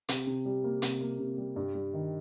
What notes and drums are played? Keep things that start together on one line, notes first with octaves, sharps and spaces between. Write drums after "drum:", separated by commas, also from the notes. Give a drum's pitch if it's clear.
C3, drum: hi-hat
C3
G3
A#3
C3, drum: hi-hat
A#3
C3
G3
G2
G3
D#3